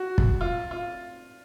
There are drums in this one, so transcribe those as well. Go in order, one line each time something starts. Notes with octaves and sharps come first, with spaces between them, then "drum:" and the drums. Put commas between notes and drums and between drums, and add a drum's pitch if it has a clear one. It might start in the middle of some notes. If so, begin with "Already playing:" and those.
Already playing: F#4
drum: kick
F4
F4